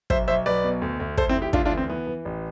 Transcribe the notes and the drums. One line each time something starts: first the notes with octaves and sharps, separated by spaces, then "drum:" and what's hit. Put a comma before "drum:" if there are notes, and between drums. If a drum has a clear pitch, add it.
B1 C5 E5, drum: kick
B1 C5 E5
B1 B4 D5
B2
D2
D2
D2 A4 C5, drum: kick
C4 E4
D2
E4 G4
D2 D4 F4, drum: kick
D4 F4
E3
C4
E3 B3
E3
A1